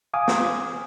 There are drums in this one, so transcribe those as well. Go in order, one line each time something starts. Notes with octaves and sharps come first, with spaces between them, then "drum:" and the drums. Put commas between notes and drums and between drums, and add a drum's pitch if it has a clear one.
F5 G#5 D6 D#6
drum: snare